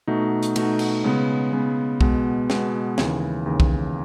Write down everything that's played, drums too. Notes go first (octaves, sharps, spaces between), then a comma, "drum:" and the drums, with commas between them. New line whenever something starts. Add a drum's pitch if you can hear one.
B2 A3 D#4 F#4
drum: hi-hat
B2 A3 D#4 F#4, drum: cymbal
drum: cymbal
C#3 G#3 B3
C#3 G#3 B3
B2 G#3 B3, drum: kick
B2 G#3 B3, drum: snare
D#2 C#3 E3, drum: snare
D#2 C#3 E3
drum: kick